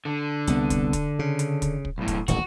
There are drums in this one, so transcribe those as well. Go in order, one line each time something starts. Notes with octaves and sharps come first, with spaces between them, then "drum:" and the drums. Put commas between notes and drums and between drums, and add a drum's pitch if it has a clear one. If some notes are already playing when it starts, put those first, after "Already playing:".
D3
C2 B3, drum: hi-hat
drum: kick, hi-hat
drum: kick, hi-hat
C#3
drum: hi-hat
drum: kick, hi-hat
drum: kick
B1 A2
drum: kick, hi-hat
D#1 A1 D2 F#4, drum: hi-hat